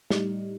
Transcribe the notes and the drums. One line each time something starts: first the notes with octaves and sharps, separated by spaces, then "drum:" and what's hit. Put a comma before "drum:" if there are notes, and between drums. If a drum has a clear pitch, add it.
A2 G3 D#4, drum: snare